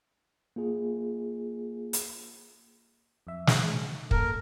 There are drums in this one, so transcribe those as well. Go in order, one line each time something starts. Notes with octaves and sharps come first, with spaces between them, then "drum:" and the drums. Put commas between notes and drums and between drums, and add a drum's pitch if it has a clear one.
A#3 F4 G#4
drum: hi-hat
F2 E5
D#4, drum: snare
F#2 A#3 A4 A#4, drum: kick